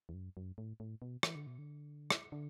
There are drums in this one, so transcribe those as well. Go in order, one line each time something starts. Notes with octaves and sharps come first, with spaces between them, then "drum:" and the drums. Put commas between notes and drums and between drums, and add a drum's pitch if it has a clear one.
E2
F#2
F#2
A2
A2
B2
E3, drum: rim click
D3
B2
D3
drum: rim click
D3